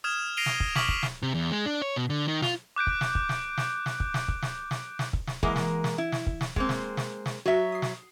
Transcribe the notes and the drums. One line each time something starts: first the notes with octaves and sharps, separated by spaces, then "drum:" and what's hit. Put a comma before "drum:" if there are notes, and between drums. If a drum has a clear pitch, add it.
D#6 F6 G#6 E7
A#6 C7 D7 D#7 F7 G7
drum: snare
drum: kick
C#6 D6 F6 B6 F#7, drum: snare
drum: kick
drum: snare
C3
E2
G#3
D4
C#5
B2
D3
D#3
F4, drum: snare
D6 F#6 G6 D7
drum: kick
drum: snare
drum: kick
drum: snare
drum: snare
drum: snare
drum: kick
drum: snare
drum: kick
drum: snare
drum: snare
drum: snare
drum: kick
drum: snare
E3 G#3 A#3 A#4 E5 F#5, drum: kick
drum: snare
drum: snare
E4
drum: snare
drum: kick
drum: snare
G#3 A#3 C4, drum: kick
drum: snare
drum: snare
drum: snare
F#3 F#4 E5
D#6 C7
drum: snare